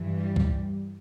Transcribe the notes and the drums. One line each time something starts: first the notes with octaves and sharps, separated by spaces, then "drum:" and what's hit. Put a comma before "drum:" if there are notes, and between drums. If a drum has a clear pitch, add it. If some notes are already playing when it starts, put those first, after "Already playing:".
Already playing: G2 E3
G3
drum: kick C2